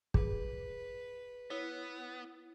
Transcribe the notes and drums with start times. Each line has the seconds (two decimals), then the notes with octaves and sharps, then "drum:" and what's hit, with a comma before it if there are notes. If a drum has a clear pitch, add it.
0.14 G#4 B4, drum: kick
1.50 B3 E4 C#5